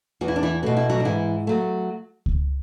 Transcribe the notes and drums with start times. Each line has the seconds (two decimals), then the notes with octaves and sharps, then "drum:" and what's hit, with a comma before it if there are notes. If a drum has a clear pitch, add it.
0.21 E2 F#4
0.28 E4
0.36 D4
0.43 E3 E4
0.63 B2 A3 F#4
0.77 E4
0.90 F#3 F#4
1.00 D4
1.05 G#2 E3 E4
1.47 F#3 A3
2.26 drum: kick C#2